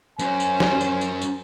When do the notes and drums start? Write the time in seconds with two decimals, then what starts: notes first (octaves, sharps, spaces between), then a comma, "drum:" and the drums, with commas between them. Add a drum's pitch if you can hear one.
0.19 F#2 C#4 C5 G#5, drum: tambourine
0.40 drum: tambourine
0.60 drum: snare
0.81 drum: tambourine
1.01 drum: tambourine
1.22 drum: tambourine